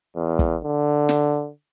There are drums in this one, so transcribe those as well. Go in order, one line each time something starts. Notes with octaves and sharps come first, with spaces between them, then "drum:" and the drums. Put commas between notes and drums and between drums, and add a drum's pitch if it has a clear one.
E2
drum: kick
D3
drum: snare